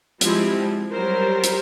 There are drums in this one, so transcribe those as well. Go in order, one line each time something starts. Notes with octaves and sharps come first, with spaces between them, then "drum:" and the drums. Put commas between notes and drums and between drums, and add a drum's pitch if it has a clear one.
F3 G3 G#3 C4 E4, drum: hi-hat
F#3 G3 A#4 C5
drum: hi-hat